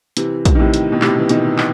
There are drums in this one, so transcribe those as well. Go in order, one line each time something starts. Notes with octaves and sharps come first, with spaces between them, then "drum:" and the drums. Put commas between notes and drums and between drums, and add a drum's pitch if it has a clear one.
C3 E3, drum: hi-hat
drum: kick, hi-hat
D#3
A2 C3
drum: hi-hat
B2
A2 C3, drum: clap
E3
B2 D#3, drum: hi-hat
drum: clap